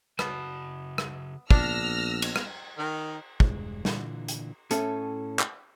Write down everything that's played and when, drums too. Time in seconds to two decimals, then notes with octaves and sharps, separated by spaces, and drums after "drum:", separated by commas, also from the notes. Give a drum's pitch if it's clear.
0.19 C#3 B3 F#4 A5, drum: rim click
0.98 drum: rim click
1.51 A#1 B3 D4 E6 F6 A#6, drum: kick
2.22 drum: cymbal
2.36 drum: rim click
2.78 D#3
3.40 E1 G2 G#3, drum: kick
3.85 A#2 D3 E3, drum: snare
4.28 drum: hi-hat
4.71 A2 C#4 A4, drum: hi-hat
5.39 drum: clap